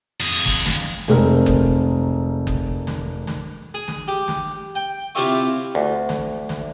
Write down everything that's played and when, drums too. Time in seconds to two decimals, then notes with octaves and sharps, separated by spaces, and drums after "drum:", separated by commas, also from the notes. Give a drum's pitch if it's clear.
0.20 F2 G#4
0.46 drum: kick F#1
0.66 drum: snare
1.08 F1 G#3 C4 A#4 F6, drum: snare
1.46 drum: kick F#1
2.47 drum: kick F#1
2.87 drum: snare
3.27 drum: snare
3.74 G#4
3.88 drum: snare
4.08 G4
4.28 drum: snare
4.75 G5
5.15 C3 E4 F4 G4 E5 C#6
5.75 D2
6.09 drum: snare
6.49 drum: snare